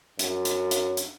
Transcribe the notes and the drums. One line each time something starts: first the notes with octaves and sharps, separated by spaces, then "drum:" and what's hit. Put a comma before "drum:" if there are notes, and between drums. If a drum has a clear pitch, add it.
F#2, drum: hi-hat
drum: hi-hat
drum: hi-hat
drum: hi-hat